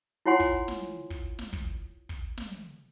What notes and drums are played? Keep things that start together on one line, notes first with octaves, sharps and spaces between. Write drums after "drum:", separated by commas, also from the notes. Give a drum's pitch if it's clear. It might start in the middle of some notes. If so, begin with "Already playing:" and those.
E4 F4 C#5 F#5 G#5 C6
drum: kick
drum: snare
drum: kick
drum: snare
drum: kick
drum: kick
drum: snare